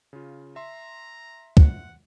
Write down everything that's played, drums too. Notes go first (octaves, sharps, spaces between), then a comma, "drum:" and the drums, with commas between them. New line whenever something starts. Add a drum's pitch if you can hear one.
C#3 F4
E5 A#5 C6
F#5, drum: kick